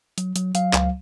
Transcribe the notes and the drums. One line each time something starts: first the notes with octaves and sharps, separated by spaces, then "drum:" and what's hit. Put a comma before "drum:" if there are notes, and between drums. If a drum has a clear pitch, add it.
F#3, drum: hi-hat
F#3, drum: hi-hat
F#3 F5, drum: hi-hat
C#2, drum: clap